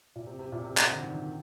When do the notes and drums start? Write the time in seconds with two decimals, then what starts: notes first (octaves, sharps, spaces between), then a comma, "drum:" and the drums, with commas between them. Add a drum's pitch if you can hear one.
0.16 A#2
0.26 C3
0.39 C3
0.52 A#2
0.64 C3
0.77 C3, drum: clap
0.90 D3
1.03 D#3
1.14 D#3